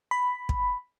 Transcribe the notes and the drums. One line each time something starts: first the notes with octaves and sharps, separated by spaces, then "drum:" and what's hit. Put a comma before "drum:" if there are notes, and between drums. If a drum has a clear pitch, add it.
B5
drum: kick